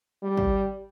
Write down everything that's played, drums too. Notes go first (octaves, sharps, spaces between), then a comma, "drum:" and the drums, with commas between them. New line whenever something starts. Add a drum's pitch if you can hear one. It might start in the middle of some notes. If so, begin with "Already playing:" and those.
G3
drum: kick